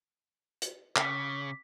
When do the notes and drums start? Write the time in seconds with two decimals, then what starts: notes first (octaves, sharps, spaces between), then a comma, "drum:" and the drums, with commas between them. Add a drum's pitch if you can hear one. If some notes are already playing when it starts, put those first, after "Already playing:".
0.62 drum: hi-hat
0.96 C#3 D6 B6, drum: clap